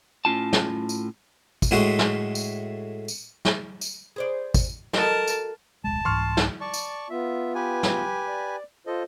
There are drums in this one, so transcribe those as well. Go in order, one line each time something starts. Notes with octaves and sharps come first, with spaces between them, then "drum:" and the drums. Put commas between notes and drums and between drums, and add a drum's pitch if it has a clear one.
A2 C#4 F4 A5
drum: snare
drum: tambourine
drum: kick, tambourine
A2 G#3 A3 F#4
drum: snare
drum: tambourine
drum: tambourine
drum: snare
drum: tambourine
G#4 C5 D5
drum: kick, tambourine
F#4 A4 A#4 D#5 A5, drum: snare
drum: tambourine
D1 B1 G#3 A5
C2 G#2 E3 C6 C#6 F6
drum: snare
D5 A5 C#6
drum: tambourine
B3 F4 E5
G4 B4 G#5
drum: snare
D5
F4 A4 C5 D#5